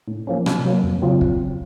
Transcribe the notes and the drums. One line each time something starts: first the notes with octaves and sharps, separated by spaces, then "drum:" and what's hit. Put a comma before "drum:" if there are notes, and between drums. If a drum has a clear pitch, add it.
A2
F3 A#3 C#4
C3, drum: rim click
F#3 A#3
F2
C#3 F#3 C4 F4
drum: kick